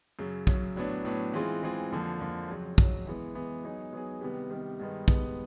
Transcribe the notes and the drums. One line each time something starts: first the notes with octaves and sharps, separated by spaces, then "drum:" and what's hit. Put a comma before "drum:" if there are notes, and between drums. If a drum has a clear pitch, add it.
F#2 C#3 F#3
F#2 C#3 F#3, drum: kick
A2 F#3 B3 D4
A2 F#3 B3 D4
E3 G#3 C4 F4 G#4
E3 G#3 C4 F4 G#4
F2 D3 F3 A#3
F2 D3 F3 A#3
F2 C#3 F#3
F2 C#3 F#3, drum: kick
E3 G#3 B3
E3 G#3 B3
F#3 B3 D#4 G#4
F#3 B3 D#4 G#4
C3 D#3 G3 B3
C3 D#3 G3 B3
G2 D#3 G#3 B3
G2 D#3 G#3 B3, drum: kick